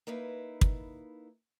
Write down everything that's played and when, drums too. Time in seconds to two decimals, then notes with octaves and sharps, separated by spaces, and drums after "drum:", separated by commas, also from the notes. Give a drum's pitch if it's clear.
0.07 A#3 D#4 E4 B4
0.61 drum: kick